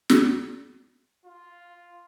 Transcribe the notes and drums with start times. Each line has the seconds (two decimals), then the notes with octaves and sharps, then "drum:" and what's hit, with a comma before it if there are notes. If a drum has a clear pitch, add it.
0.10 drum: snare
1.25 F4